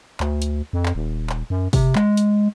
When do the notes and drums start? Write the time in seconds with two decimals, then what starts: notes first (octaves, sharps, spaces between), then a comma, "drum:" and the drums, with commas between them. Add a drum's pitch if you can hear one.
0.20 D2, drum: clap
0.42 drum: hi-hat
0.73 F2
0.86 drum: clap
0.95 D#1
1.30 drum: clap
1.50 F#2
1.73 C3, drum: kick, open hi-hat
1.95 G#3, drum: clap
2.17 drum: hi-hat